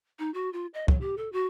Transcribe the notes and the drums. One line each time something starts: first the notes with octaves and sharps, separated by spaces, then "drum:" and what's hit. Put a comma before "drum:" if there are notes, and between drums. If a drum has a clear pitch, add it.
D#4
F#4
F4
D#5
F#3, drum: kick
G4
A4
F#4